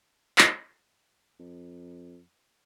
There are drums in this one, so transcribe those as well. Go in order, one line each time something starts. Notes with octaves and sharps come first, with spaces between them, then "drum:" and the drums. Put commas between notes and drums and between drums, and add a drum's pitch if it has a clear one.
drum: clap
F2